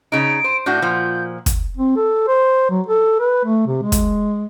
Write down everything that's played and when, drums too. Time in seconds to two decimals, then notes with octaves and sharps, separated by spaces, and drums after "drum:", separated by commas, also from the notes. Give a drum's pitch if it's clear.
0.12 C#3 D#4 D7
0.44 C5
0.66 A2 D4 F#4 G6
0.82 A#2 F3
1.46 drum: kick, hi-hat
1.77 C4
1.96 A4
2.28 C5
2.70 F#3
2.86 A4
3.20 B4
3.45 A3
3.67 C3
3.83 G#3
3.92 drum: kick, hi-hat